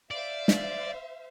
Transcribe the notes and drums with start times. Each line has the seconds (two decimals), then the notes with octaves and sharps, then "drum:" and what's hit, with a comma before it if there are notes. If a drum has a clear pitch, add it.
0.11 C5 D5 E5 F5
0.48 drum: snare